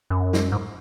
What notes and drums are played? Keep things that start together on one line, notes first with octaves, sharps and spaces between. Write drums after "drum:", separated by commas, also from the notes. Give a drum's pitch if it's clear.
F#2
drum: snare
G#2